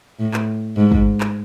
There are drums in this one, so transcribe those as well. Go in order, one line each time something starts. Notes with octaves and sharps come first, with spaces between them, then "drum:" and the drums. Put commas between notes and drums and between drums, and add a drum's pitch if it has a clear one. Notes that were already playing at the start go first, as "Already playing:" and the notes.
A2
drum: clap
G#2
drum: kick
drum: clap